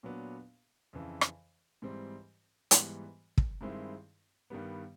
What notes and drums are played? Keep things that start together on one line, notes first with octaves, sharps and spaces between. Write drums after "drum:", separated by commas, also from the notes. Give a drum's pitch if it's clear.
A#2 F#3 B3 D4
F2 C#3 E3
drum: rim click
G#2 E3 G3 C4
G#2 E3 G3 B3, drum: hi-hat
drum: kick
G2 D#3 G#3 C4 E4
G2 D#3 G3 B3